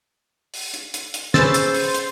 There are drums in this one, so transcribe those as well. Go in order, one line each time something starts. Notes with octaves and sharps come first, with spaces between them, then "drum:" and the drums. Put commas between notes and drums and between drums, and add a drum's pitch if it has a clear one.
drum: open hi-hat
drum: hi-hat
drum: hi-hat
drum: hi-hat
C#4 G#4 B4 C5 E6 A6, drum: snare
drum: hi-hat
drum: open hi-hat
drum: hi-hat